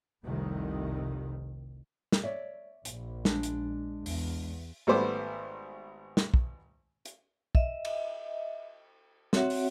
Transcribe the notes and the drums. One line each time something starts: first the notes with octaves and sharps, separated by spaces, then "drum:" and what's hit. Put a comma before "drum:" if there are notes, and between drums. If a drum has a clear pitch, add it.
F1 C2 C3 D#3
drum: snare
C#5 D5 E5
A#1, drum: hi-hat
G#3 D4, drum: snare
drum: hi-hat
E2, drum: open hi-hat
G#1 G3 A3 B3 C5 D6
drum: snare
drum: kick
drum: hi-hat
D#5 E5, drum: kick
drum: cymbal
C4 F#4 C#5 E5 F#5, drum: snare
drum: open hi-hat